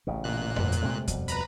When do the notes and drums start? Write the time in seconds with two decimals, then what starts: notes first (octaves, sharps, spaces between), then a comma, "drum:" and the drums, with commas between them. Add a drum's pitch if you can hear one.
0.07 A1 C#3
0.24 A#2 F#6
0.56 G1 F2 B2, drum: tom F2
0.72 drum: hi-hat
0.83 C3 G#3 A3
1.08 F2 B2 G3, drum: kick D#2, hi-hat
1.28 B4 A#5 B5, drum: hi-hat